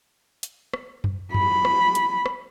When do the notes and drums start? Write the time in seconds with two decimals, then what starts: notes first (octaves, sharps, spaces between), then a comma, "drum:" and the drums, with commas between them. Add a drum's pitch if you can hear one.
0.43 drum: hi-hat
0.74 drum: rim click
1.04 drum: tom F#2
1.34 B5, drum: tom F#2
1.65 drum: rim click
1.95 drum: hi-hat
2.26 drum: rim click